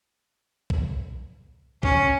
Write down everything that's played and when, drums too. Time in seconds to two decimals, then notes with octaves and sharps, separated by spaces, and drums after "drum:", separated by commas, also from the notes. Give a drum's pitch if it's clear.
0.70 drum: kick
1.83 C#4, drum: kick